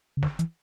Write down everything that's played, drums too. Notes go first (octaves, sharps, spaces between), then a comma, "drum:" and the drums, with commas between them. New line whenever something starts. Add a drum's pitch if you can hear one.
C#3
D3, drum: snare
E3, drum: hi-hat